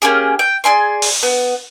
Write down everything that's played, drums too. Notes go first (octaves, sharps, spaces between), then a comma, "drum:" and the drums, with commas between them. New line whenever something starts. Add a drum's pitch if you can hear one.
A#3 C#4 G4 G#4
G5
G#4 D5 G#5 C6
drum: open hi-hat
B3